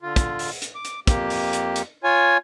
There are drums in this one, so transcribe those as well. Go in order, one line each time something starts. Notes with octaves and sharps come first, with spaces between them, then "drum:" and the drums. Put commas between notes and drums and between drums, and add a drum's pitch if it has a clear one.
D3 F4
drum: kick, hi-hat
drum: open hi-hat
drum: hi-hat
D6
drum: hi-hat
F2 A#3 G4, drum: kick, hi-hat
drum: open hi-hat
drum: hi-hat
drum: hi-hat
F4 C#5 G#5